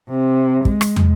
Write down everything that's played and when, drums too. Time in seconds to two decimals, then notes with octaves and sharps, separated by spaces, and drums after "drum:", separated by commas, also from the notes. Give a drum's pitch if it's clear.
0.10 C3
0.65 G#3, drum: kick
0.81 drum: rim click
0.96 drum: tom